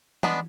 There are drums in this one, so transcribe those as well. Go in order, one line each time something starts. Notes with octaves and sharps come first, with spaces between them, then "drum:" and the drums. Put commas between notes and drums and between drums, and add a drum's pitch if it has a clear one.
G#3 B3 D4, drum: tom E3